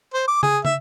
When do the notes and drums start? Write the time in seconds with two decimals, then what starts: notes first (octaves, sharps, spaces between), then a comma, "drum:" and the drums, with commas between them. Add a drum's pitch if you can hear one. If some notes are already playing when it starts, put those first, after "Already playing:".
0.14 C5
0.28 D6
0.43 G#4, drum: tom
0.65 E5, drum: tom